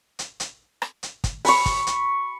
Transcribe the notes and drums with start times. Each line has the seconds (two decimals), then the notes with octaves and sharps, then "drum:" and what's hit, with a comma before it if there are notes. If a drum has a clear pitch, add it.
0.19 drum: hi-hat
0.40 drum: hi-hat
0.82 drum: rim click
1.03 drum: hi-hat
1.24 drum: kick, hi-hat
1.45 B5 C#6, drum: open hi-hat
1.66 drum: kick, hi-hat
1.87 drum: hi-hat